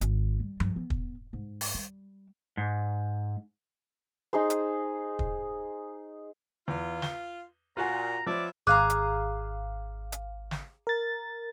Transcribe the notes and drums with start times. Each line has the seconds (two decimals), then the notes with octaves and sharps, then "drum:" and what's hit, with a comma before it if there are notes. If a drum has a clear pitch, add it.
0.01 G#1, drum: hi-hat
0.40 G3
0.60 G2, drum: tom F3
0.76 B3
0.90 drum: kick
1.33 G#2
1.61 drum: open hi-hat
1.74 G3
2.57 G#2
4.33 D#4 G#4 C5
4.50 drum: hi-hat
5.19 drum: kick
6.68 E2 F4
7.02 G7, drum: snare
7.77 A#2 F4 F#4 G#5 A#5
8.26 F3 B3 C#5 D5 E5
8.67 G#1 G#4 F5 G#5 A#5 D6 F#6
8.90 drum: hi-hat
10.12 drum: hi-hat
10.51 drum: snare
10.87 A#4 A6